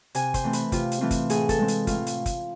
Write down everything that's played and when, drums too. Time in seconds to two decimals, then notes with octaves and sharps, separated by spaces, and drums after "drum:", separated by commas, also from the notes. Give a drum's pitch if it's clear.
0.15 C3 G#5, drum: hi-hat
0.34 C5, drum: kick, hi-hat
0.44 E3 A3 C4
0.53 B4, drum: hi-hat
0.72 C3 F4, drum: kick, hi-hat
0.91 drum: hi-hat
1.01 E3 A3 C4 F4
1.11 drum: kick, hi-hat
1.30 A2 G#4, drum: hi-hat
1.49 A4, drum: kick, hi-hat
1.59 G#3 C4
1.68 drum: hi-hat
1.87 A2 F4, drum: kick, hi-hat
2.07 drum: hi-hat
2.26 drum: kick, hi-hat